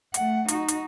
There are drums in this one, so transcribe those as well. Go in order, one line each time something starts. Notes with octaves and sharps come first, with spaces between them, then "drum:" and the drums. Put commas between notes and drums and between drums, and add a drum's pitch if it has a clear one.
A3 F#5, drum: hi-hat
D#4 F#4, drum: hi-hat
drum: hi-hat